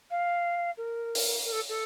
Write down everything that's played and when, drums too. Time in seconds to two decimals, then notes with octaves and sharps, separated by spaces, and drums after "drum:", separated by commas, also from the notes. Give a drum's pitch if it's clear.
0.10 F5
0.77 A#4
1.15 drum: open hi-hat
1.44 A#4
1.52 A4
1.69 A4